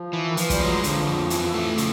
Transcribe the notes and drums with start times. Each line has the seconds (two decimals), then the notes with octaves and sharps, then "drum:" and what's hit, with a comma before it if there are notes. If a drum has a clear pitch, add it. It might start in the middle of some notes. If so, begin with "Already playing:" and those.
Already playing: F3
0.13 E3
0.26 D#3
0.37 E3 F3, drum: hi-hat
0.50 G3, drum: kick, hi-hat
0.60 F#3 G#3
0.84 D3 F3, drum: hi-hat
1.07 F2
1.30 E3, drum: hi-hat
1.54 A3
1.78 C#3, drum: hi-hat